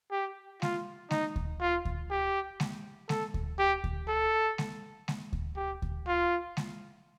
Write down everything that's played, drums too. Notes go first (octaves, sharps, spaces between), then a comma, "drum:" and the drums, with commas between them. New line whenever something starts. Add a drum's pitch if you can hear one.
G4
F4, drum: snare G#3
D#4, drum: snare G#3
drum: kick D2
F4
drum: kick D2
G4
drum: snare G#3
A4, drum: snare G#3
drum: kick D2
G4
drum: kick D2
A4
drum: snare G#3
drum: snare G#3
drum: kick D2
G4
drum: kick D2
F4
drum: snare G#3